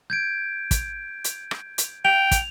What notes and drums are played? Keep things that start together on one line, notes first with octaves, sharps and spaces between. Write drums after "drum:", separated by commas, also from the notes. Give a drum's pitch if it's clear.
G6 G#6 D7
drum: kick, hi-hat
drum: hi-hat
drum: rim click
drum: hi-hat
G5 F7
drum: kick, hi-hat